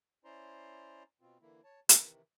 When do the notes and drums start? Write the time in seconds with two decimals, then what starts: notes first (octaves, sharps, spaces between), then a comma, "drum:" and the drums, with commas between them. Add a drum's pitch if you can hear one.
0.25 C#4 E4 C5 D5 A#5 C6
1.21 B2 C4 F4
1.41 D3 E3 A#3 E4
1.64 C#5 A5
1.89 C3 D#3 E3, drum: hi-hat